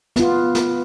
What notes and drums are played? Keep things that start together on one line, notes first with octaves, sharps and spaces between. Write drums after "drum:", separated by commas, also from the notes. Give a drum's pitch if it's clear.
B3 F4, drum: snare
drum: snare